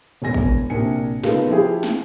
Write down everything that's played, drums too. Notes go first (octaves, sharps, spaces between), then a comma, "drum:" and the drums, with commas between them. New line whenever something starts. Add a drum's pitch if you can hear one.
E1 E2 G#5 A#6
drum: kick
A#1 C3 D4 A#4 G#5 C#7
C#3 B3 D#4 F4 A4 A#4, drum: snare
F3 E4 G4 G#4
drum: snare